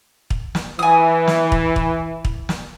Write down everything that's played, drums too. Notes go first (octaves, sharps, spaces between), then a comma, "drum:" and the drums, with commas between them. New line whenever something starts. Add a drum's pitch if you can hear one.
drum: kick
drum: snare
E3 G#5 D#6
drum: snare
drum: kick
drum: kick
drum: kick
drum: snare